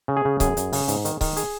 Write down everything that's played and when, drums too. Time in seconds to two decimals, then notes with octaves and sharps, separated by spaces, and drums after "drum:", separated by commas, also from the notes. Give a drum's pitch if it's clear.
0.08 C#3
0.17 G#4
0.25 C#3
0.40 F#2 G#4, drum: kick C#1, hi-hat
0.57 F#2, drum: hi-hat
0.73 C#3, drum: open hi-hat
0.88 G#2, drum: hi-hat
1.05 D#3, drum: hi-hat
1.21 D#3, drum: kick C#1, open hi-hat
1.37 G#4, drum: hi-hat